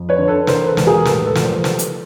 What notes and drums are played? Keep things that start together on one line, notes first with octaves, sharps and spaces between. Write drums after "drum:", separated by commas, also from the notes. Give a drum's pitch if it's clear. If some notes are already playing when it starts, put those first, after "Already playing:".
Already playing: F2
B4 C#5
D3
A4 B4
E3 A#4 C5, drum: snare
A4 B4
E1, drum: snare
G#4 A#4
A2 A4 B4, drum: snare
A4 B4
F3, drum: snare
A#4 C5
G3 A4 B4, drum: snare
drum: hi-hat